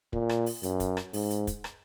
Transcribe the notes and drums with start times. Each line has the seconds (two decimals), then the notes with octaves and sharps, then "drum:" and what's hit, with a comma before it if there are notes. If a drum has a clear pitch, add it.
0.13 A#2, drum: kick
0.29 drum: rim click
0.46 drum: open hi-hat
0.63 F#2, drum: hi-hat
0.80 drum: kick, hi-hat
0.97 drum: rim click
1.13 G#2, drum: open hi-hat
1.30 drum: hi-hat
1.47 drum: kick, hi-hat
1.64 drum: rim click